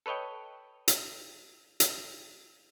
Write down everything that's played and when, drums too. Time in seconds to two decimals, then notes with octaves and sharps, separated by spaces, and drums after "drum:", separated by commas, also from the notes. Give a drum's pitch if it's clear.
0.06 A4 B4 C#5 D#5 G5
0.88 drum: hi-hat
1.80 drum: hi-hat